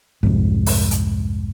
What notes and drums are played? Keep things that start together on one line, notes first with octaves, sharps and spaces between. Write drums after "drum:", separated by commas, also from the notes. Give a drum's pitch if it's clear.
C2 F2 G#2, drum: kick
drum: open hi-hat
drum: hi-hat